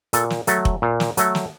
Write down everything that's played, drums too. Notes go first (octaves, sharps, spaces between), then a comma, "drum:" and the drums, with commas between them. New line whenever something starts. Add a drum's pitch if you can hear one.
A#2 A4, drum: hi-hat
drum: snare
F#3 A3 A4, drum: hi-hat
drum: kick F1
A#2
drum: snare
F#3 A3 A4, drum: hi-hat
drum: snare